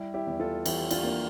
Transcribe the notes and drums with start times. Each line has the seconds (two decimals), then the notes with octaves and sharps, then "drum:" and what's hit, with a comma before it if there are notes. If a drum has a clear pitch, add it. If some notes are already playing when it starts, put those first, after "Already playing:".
Already playing: G3 E4
0.14 E4 G4
0.27 E2
0.40 F4 A4
0.66 E3 E4 G4, drum: cymbal
0.91 D4 F4, drum: cymbal
1.03 A#3 D4